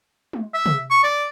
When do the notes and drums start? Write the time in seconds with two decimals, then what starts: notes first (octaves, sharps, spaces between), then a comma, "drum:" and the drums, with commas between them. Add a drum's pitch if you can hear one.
0.33 drum: tom G#3
0.54 E5
0.66 drum: tom C3
0.91 C#6
1.04 D5